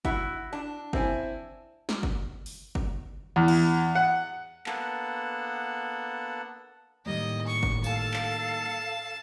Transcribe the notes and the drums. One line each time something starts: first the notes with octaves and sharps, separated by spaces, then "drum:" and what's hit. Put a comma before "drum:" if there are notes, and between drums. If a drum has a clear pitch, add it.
E4 F#4, drum: kick
D4
C4 E4 G#5, drum: kick
drum: snare
drum: kick
drum: open hi-hat
drum: kick
E2
drum: cymbal
F#5
A#3 B3 D4 A4 F#5 A5, drum: clap
A2 D#3 G3 A#3 D#5
C#6
drum: kick
A4 F5 A5, drum: tambourine
drum: clap